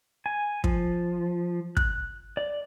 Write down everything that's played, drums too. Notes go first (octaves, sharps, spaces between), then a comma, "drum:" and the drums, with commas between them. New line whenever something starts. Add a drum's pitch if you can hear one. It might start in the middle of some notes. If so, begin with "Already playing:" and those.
G#5
F3, drum: kick
F#6, drum: kick
D5